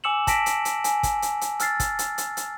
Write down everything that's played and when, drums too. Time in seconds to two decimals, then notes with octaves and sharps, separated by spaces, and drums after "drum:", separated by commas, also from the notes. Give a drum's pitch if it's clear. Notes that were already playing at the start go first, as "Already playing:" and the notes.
0.04 G#5 D6 E6 C#7 E7 F#7
0.27 A5 A#6 B6 D7, drum: kick, hi-hat
0.46 drum: hi-hat
0.65 drum: hi-hat
0.84 G#5, drum: hi-hat
1.03 drum: kick, hi-hat
1.22 drum: hi-hat
1.41 drum: hi-hat
1.60 E6 F6 A6 C7, drum: hi-hat
1.80 drum: kick, hi-hat
1.99 drum: hi-hat
2.18 drum: hi-hat
2.37 drum: hi-hat